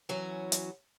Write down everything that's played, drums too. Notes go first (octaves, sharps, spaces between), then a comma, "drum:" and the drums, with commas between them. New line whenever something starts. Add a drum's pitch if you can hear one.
E3 F#3 C#4 F#4
drum: hi-hat